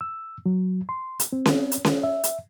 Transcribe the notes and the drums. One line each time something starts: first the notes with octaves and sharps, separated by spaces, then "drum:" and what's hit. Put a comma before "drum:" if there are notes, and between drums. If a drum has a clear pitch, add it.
E6
F#3
C6
drum: hi-hat
C4
drum: snare C#4
drum: hi-hat
drum: snare C#4
E5
drum: hi-hat